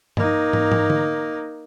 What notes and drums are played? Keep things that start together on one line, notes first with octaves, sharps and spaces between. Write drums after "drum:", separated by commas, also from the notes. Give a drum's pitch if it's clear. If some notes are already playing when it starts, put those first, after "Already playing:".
A#3 D#4, drum: tom G2
drum: tom
drum: tom
drum: tom D3